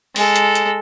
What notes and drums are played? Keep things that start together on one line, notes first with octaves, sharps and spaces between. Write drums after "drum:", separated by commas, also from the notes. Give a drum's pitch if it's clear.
G#3 A4, drum: open hi-hat
drum: hi-hat
drum: hi-hat